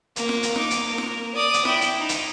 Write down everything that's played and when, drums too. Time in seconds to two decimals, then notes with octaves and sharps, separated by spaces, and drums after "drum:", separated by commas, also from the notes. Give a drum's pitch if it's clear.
0.16 A#3, drum: hi-hat
0.29 drum: snare
0.43 drum: hi-hat
0.56 D#4 D6, drum: snare
0.71 drum: hi-hat
0.84 A#3 A#4
0.98 drum: snare
1.34 D5 D#6
1.54 drum: hi-hat
1.65 E4 G5, drum: snare
1.81 drum: hi-hat
1.99 D#4
2.09 drum: hi-hat